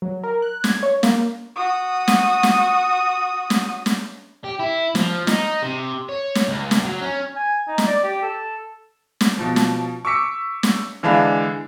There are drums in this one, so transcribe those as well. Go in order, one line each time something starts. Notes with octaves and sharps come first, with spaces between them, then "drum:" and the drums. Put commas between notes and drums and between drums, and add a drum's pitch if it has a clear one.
F#3
A#4
F#6
G#6, drum: snare
C#5
A#3, drum: snare
F#4 D#6
drum: snare
drum: snare
drum: snare
drum: snare
G4
E4
F3, drum: snare
D#4, drum: snare
C3
C#5
drum: snare
C#2
drum: snare
F#3
C#4
G#5
D#4
drum: snare
D5
G4
A4
drum: snare
B2 F3
drum: snare
C#6 D6 E6 B6 C#7
drum: snare
D3 E3 G#3 D4 F5 B5